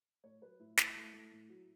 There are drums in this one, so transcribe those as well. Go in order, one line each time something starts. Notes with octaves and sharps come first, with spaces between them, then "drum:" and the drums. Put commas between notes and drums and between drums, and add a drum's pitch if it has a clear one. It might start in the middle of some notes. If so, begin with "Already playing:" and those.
A2 C#5
F#3 B4
A2 E4
A2 E4, drum: snare
A3
A3
A2
F#3